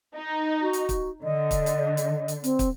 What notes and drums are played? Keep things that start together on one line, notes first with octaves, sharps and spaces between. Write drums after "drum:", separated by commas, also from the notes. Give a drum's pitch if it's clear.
D#4
F#4
drum: hi-hat
drum: kick, hi-hat
D3 D#5
drum: kick, hi-hat
drum: hi-hat
drum: hi-hat
drum: hi-hat
C4, drum: hi-hat
drum: kick, hi-hat